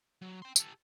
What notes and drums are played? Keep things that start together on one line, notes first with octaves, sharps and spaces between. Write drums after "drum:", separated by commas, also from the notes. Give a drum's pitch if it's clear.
F#3
G5 C6
G4 A4, drum: tambourine